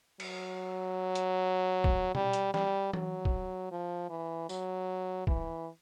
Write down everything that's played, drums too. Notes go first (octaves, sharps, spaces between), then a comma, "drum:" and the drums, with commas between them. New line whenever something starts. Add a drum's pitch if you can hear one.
F#3, drum: cymbal
drum: hi-hat
drum: kick
G3, drum: tom B2
drum: hi-hat
G3, drum: snare
F#3, drum: tom E3
drum: kick
F3
E3
F#3, drum: tambourine
E3, drum: kick